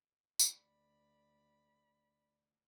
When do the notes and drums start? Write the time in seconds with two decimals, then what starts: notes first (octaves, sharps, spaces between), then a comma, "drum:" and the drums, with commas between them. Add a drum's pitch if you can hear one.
0.39 D2 D5 B5, drum: tambourine